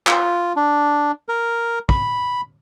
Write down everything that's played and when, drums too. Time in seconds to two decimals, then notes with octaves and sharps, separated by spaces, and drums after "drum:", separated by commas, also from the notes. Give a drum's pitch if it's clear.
0.07 F4, drum: clap
0.56 D4
1.29 A#4
1.89 B5, drum: kick